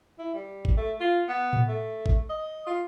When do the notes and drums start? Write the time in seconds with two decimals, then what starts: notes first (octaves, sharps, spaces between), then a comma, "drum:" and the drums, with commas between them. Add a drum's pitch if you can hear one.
0.19 E4
0.34 G3
0.65 drum: kick G#1
0.77 A3
1.00 F4
1.28 B3
1.53 drum: tom A2
1.68 A3
2.06 drum: kick G#1
2.29 D#5
2.66 F4